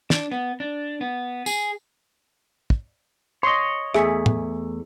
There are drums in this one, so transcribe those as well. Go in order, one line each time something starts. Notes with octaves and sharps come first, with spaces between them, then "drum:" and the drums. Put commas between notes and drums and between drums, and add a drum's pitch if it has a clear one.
D4, drum: snare
B3
D4
B3
G#4, drum: tambourine
drum: kick
C#5 D#5 C6
E2 A3 G#4 E5, drum: rim click
drum: tom